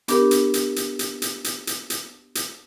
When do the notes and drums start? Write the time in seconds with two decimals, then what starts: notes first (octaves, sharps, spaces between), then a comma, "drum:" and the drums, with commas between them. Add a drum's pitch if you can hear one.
0.08 B3 D4 G4 A#4, drum: hi-hat
0.31 drum: hi-hat
0.54 drum: hi-hat
0.76 drum: hi-hat
0.99 drum: hi-hat
1.22 drum: hi-hat
1.44 drum: hi-hat
1.67 drum: hi-hat
1.90 drum: hi-hat
2.35 drum: hi-hat